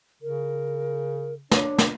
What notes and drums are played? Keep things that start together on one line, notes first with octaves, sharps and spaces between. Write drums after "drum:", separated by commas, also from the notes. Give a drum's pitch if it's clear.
C#3 A#4
D4 C#5, drum: snare
drum: snare